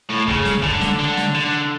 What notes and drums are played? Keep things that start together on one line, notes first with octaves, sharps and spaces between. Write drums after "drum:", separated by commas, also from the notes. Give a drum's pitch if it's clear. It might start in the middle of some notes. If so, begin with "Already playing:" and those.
A2
C#3, drum: kick
drum: snare
D3, drum: kick
drum: snare
D3
drum: snare
D3